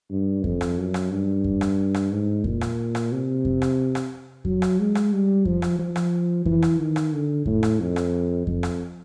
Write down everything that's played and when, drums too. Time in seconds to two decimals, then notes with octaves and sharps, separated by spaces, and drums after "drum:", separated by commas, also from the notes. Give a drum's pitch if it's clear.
0.11 G2
0.44 F2, drum: kick F2
0.61 drum: rim click
0.78 F#2
0.94 drum: rim click
1.11 G2
1.44 drum: kick F2
1.61 drum: rim click
1.94 drum: rim click
2.11 G#2
2.44 A#2, drum: kick F2
2.61 drum: rim click
2.95 drum: rim click
3.12 C3
3.45 drum: kick F2
3.62 drum: rim click
3.95 drum: rim click
4.45 F#3, drum: kick F2
4.62 drum: rim click
4.79 G#3
4.95 drum: rim click
5.13 G3
5.45 F3, drum: kick F2
5.62 drum: rim click
5.79 F3
5.96 drum: rim click
6.45 E3, drum: kick F2
6.62 drum: rim click
6.79 D#3
6.96 drum: rim click
7.12 D3
7.46 A2, drum: kick F2
7.63 drum: rim click
7.80 F2
7.96 drum: rim click
8.47 F2, drum: kick F2
8.63 drum: rim click